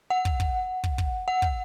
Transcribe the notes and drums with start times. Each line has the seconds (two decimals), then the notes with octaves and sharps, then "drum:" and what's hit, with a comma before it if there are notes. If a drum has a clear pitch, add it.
0.10 F#5
0.25 drum: kick
0.40 drum: kick
0.84 drum: kick
0.98 drum: kick
1.28 F#5
1.42 drum: kick